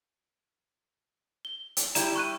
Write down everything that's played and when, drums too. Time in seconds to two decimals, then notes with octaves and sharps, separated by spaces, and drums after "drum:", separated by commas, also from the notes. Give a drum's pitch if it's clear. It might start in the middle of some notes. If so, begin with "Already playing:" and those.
1.45 G7
1.77 drum: hi-hat
1.95 G3 E4 G4 D5 A#5 E7, drum: hi-hat
2.16 C#6 F#6 D#7